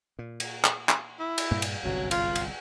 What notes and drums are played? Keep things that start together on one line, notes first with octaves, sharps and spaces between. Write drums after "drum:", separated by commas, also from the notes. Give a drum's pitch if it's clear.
A#2
drum: cymbal
drum: clap
drum: clap
E4
drum: cymbal
G2 A#2 A#3
drum: cymbal
G1 C2 F#2 F#3
F4, drum: cymbal
drum: cymbal